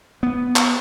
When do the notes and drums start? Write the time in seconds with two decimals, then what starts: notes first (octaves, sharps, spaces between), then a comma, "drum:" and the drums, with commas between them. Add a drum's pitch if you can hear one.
0.23 B3
0.56 drum: clap